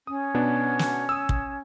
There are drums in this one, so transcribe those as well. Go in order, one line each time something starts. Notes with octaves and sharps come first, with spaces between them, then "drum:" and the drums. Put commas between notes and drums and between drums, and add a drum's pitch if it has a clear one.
C#4 D#6
B2 B3 D4
drum: snare
D#6 E6
drum: kick